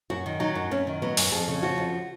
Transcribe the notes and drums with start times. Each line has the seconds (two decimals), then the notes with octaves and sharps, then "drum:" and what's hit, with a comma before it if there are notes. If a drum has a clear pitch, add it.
0.10 F#2 F#4
0.26 D#3
0.40 F#3 D#4
0.55 F#2
0.71 F#2 C#4
0.87 D#3
1.02 F#3 B3
1.17 F#2, drum: open hi-hat
1.32 F2 G#4
1.48 C#3
1.62 F3 F#4
1.78 F2